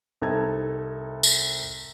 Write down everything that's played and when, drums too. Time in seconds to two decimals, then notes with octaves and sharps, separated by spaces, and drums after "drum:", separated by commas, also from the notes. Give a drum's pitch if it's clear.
0.21 C2 D#4 A4 G#6
1.23 drum: tambourine